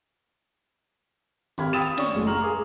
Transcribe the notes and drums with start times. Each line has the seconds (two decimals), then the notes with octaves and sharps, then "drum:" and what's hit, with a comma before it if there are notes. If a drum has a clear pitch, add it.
1.58 G#1 G4 B5 F6 G#6, drum: hi-hat
1.73 G5 B5 D#6 E6 A6 E7
1.82 drum: hi-hat
1.98 D4 C#5 C#6, drum: snare
2.14 F#1 A2 G#3
2.27 A#5 C6 C#6 F6 F#7
2.41 G#4 D6